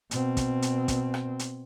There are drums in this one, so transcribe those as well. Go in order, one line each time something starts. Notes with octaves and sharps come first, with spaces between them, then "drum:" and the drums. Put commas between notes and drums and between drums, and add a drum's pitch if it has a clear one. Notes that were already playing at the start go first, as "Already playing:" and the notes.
B2 C4, drum: hi-hat
drum: kick, hi-hat
drum: hi-hat
drum: kick, hi-hat
drum: rim click
drum: hi-hat